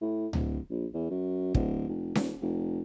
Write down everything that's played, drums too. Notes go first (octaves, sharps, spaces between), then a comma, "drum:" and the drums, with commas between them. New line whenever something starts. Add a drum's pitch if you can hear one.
A2
D1, drum: tom C#2
A#1
E2
F#2
D1, drum: kick
F1
D#1, drum: snare C#4
F1